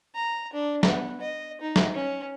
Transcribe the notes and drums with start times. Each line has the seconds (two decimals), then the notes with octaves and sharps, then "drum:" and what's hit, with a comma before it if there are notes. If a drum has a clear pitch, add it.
0.15 A#5
0.53 D4
0.83 B3, drum: snare
1.21 D#5
1.61 D#4
1.76 drum: snare
1.94 C#4